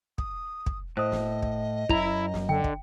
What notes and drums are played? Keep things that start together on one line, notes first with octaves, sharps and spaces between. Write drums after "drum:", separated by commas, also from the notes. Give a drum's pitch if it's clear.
D#6, drum: kick
drum: kick
A2 C5 D#5 D#6
drum: snare
drum: kick
F#2 E4 A#5, drum: kick
drum: snare
D3 G5
drum: kick